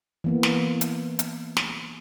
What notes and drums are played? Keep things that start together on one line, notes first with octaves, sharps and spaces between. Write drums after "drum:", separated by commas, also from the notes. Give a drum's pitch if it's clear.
E3 A#3 B3
drum: snare
drum: hi-hat
drum: hi-hat
drum: snare